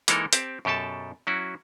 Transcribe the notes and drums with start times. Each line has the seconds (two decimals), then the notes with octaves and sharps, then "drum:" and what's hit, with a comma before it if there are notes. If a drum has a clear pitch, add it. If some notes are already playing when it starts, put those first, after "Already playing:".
0.08 E3 G#3 A#3 D#4 A4 A#4, drum: hi-hat
0.33 C4 G4 A5, drum: hi-hat
0.65 F#2 B2 G4 A4 A5
1.27 F#3 C#4 E4 F#4